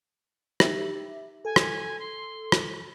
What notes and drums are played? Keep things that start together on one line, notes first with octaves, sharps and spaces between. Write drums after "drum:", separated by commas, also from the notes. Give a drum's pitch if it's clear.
D#4 G4 E5, drum: rim click
A4 G#5
drum: rim click
C6
drum: rim click